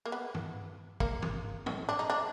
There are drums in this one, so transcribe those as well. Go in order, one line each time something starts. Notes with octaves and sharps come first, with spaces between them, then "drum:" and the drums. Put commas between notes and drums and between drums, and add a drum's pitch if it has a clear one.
A#3
B3
drum: tom
A#3, drum: kick
drum: tom
drum: tom
D4
D#4
D4